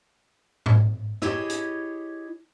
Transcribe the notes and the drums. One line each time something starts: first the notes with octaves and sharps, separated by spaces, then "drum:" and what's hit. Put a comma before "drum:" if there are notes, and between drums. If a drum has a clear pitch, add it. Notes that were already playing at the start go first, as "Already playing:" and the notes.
drum: tom G#2
E4 G4 G#4 C#5 D#5, drum: rim click
drum: hi-hat